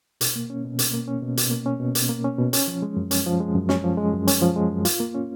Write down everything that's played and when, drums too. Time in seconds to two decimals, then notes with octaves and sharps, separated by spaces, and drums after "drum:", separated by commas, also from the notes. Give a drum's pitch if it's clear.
0.21 B2, drum: hi-hat
0.36 A#3
0.50 C#4
0.64 B2
0.79 B2, drum: hi-hat
0.94 A#3
1.08 C#4
1.22 B2
1.37 B2, drum: hi-hat
1.51 A#3
1.66 C#4
1.80 B2
1.95 B2, drum: hi-hat
2.09 A#3
2.24 C#4
2.38 B2
2.53 C#4, drum: hi-hat
2.68 F3
2.82 G#3
2.97 F#2
3.11 C#4, drum: hi-hat
3.26 F3
3.40 G#3
3.54 F#2
3.69 C#4, drum: snare
3.84 F3
3.98 G#3
4.13 F#2
4.28 C#4, drum: hi-hat
4.42 F3
4.56 G#3
4.71 F#2
4.85 F4, drum: hi-hat
5.00 A#3
5.14 C#4